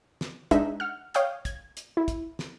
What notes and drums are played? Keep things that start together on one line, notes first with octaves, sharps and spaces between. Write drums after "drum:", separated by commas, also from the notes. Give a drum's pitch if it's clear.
drum: snare
G#3 D4 D#4 B4 E5, drum: kick, hi-hat
F#5 F6
C#5 F5 G5 D#6 G6, drum: hi-hat
G#6, drum: kick, hi-hat
drum: hi-hat
E4
drum: kick, hi-hat
drum: snare